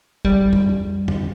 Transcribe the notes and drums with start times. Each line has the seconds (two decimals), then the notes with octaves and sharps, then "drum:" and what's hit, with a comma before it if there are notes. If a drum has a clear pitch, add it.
0.25 G3, drum: kick
0.53 drum: tom F2
1.08 drum: tom F2